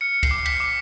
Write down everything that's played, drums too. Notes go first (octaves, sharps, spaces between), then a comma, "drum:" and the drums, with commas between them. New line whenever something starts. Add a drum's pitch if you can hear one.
F6 C#7
C7, drum: kick C#2, cymbal
D6
B6, drum: cymbal
D6